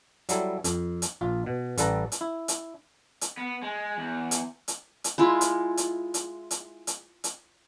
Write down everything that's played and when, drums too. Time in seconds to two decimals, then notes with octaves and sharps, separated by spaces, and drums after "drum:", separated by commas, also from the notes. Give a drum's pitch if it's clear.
0.29 F#3 G3 E4 A4, drum: hi-hat
0.64 F2, drum: hi-hat
1.02 drum: hi-hat
1.21 A#1 F4
1.46 B2
1.78 A1 G3 A4 B4 A5 A#5, drum: hi-hat
2.12 drum: hi-hat
2.21 E4
2.48 drum: hi-hat
3.21 drum: hi-hat
3.37 B3
3.62 G#3
3.98 E2
4.31 drum: hi-hat
4.68 drum: hi-hat
5.04 drum: hi-hat
5.18 G#3 E4 F4
5.41 drum: hi-hat
5.77 drum: hi-hat
6.14 drum: hi-hat
6.51 drum: hi-hat
6.87 drum: hi-hat
7.24 drum: hi-hat